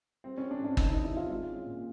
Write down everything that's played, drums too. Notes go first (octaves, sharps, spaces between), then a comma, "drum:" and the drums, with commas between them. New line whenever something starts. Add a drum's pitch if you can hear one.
G3 C4
C#4
C4
D4
G#2
D4
D#3 D#4, drum: kick
D#4
G3
E4
C4 F4
G#3
C#4
A#2